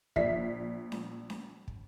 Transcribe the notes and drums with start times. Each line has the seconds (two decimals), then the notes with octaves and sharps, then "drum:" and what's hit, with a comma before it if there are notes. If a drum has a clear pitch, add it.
0.16 A#1 D5 E5 B6 C7, drum: kick
0.92 drum: snare C#4
1.30 drum: snare C#4
1.68 drum: kick